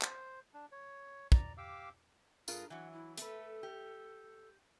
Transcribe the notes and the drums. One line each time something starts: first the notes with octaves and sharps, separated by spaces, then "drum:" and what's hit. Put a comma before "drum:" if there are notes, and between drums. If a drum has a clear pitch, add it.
C5, drum: clap
D4
C#5
D5 A#5, drum: kick
G4 F5 D6 E6
G2 F4 G#4 A#4, drum: tambourine
E3 F#3 F#5
E4
A3 A4 B4, drum: hi-hat
G4